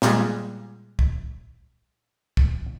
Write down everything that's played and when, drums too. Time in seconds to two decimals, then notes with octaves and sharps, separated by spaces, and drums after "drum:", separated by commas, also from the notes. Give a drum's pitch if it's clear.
0.02 A#2 G3 G#3, drum: snare
0.99 drum: kick
2.37 drum: kick